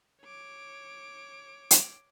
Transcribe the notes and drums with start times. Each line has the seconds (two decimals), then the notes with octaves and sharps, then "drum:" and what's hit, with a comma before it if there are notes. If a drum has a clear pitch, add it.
0.22 C#5 D6
1.71 drum: hi-hat